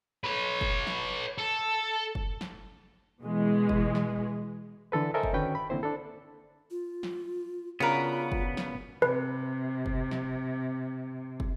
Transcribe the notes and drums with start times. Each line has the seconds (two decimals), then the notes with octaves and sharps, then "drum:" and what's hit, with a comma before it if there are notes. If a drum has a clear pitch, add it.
0.24 B4 C#5
0.61 drum: kick
0.87 drum: snare
1.38 A4
2.15 drum: kick
2.41 drum: snare
3.21 B2 E3 G#3
3.69 drum: kick
3.95 drum: snare
4.92 D3 E3 A4 B4
5.14 A4 A#4 C5 D#5 E5 G#5
5.23 drum: kick
5.33 D3 D#3 C#4 F#4 B4 G5
5.55 B5
5.70 D3 D#3 A#3 C4 E4 C5
5.83 D4 A4
6.71 F4
7.03 drum: snare
7.80 C#3 B3 D4 F4 F#4 A#4 B4
8.32 drum: kick
8.57 drum: snare
9.02 C3 B4
9.86 drum: kick
10.11 drum: snare
11.40 drum: kick